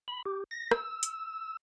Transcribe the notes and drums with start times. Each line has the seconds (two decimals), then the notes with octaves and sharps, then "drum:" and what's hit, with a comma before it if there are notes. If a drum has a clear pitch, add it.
0.08 B5
0.26 G4
0.51 A#6
0.71 E6, drum: rim click
1.03 drum: hi-hat